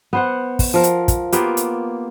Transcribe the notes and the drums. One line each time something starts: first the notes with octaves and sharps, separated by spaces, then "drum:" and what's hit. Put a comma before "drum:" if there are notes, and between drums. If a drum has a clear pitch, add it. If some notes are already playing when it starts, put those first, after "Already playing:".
B3 C5 F#5
drum: kick, open hi-hat
F3 A#4
drum: hi-hat
drum: kick, hi-hat
A#3 B3 F4 G4, drum: hi-hat
drum: hi-hat